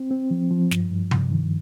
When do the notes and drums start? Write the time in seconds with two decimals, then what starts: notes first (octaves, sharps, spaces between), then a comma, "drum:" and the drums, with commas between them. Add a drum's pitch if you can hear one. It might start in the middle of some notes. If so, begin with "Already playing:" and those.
Already playing: C4
0.11 C4
0.31 F3
0.51 F3
0.71 G2, drum: snare
0.91 G2
1.11 G2, drum: tom C3
1.32 D#3